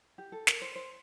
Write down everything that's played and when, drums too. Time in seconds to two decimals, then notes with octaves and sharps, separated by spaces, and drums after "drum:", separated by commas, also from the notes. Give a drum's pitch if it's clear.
0.18 G4
0.32 A4
0.47 A#4, drum: snare
0.62 C5
0.76 C5